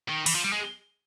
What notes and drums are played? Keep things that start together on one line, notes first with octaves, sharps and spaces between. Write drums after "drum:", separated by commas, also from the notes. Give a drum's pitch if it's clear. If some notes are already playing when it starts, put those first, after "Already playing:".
D#3
E3, drum: open hi-hat
F3
G3
G#3